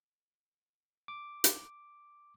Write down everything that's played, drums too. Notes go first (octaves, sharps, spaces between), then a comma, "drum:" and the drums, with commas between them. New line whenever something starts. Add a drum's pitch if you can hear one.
D6
drum: hi-hat